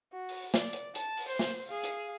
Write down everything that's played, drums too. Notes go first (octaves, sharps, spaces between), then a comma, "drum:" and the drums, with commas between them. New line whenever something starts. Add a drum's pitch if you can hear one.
F#4
drum: open hi-hat
D5, drum: snare
drum: hi-hat
A5, drum: hi-hat
drum: open hi-hat
C5
drum: snare
G#4 F5
drum: hi-hat